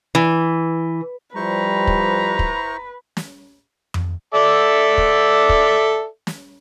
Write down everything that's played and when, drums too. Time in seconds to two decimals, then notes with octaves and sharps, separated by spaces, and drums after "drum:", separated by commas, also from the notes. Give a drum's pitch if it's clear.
0.15 E3
1.36 F3 G3 E4 B4 C5 A#5 C#6
1.87 drum: kick
2.39 drum: kick
3.17 drum: snare
3.94 drum: tom F2
4.34 A4 D5 E5
4.98 drum: kick
5.49 drum: kick
6.27 drum: snare